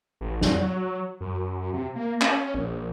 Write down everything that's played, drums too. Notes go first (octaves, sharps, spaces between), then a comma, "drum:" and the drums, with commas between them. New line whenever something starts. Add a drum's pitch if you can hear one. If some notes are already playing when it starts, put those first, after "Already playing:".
A1
F2, drum: snare
F#3
F#2
C3
A#3
C#4, drum: clap
A#1